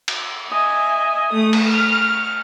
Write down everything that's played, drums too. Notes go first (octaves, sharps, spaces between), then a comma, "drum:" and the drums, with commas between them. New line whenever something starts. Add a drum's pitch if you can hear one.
drum: cymbal
D#5 E5 G#5
A3 D#6
drum: cymbal
F6